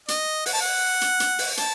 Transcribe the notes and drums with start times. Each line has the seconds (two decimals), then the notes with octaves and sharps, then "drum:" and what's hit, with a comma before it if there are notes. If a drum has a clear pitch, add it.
0.08 D#5, drum: hi-hat
0.46 F#5, drum: open hi-hat
0.53 A5
0.61 F#5
1.01 drum: hi-hat
1.20 drum: hi-hat
1.39 drum: open hi-hat
1.57 A5, drum: hi-hat